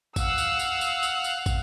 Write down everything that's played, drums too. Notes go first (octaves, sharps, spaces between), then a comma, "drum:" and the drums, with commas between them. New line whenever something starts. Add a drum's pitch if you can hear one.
F5 F#5 E6, drum: kick, tambourine
drum: tambourine
drum: tambourine
drum: tambourine
drum: tambourine
drum: tambourine
drum: kick, tambourine